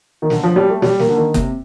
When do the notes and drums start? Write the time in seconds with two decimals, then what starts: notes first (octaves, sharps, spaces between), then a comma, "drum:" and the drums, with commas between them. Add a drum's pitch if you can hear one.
0.22 D#3
0.30 D3, drum: snare
0.43 F3
0.56 G3
0.69 A3
0.82 G3, drum: snare
0.99 A#3, drum: snare
1.09 D3
1.17 D#3
1.34 C3, drum: kick F#1, hi-hat